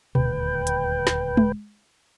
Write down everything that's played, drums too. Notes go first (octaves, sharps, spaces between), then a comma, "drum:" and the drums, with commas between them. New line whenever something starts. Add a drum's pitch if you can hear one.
D#1 D2 B4 G5, drum: tom B2
drum: hi-hat
drum: snare
drum: tom G#3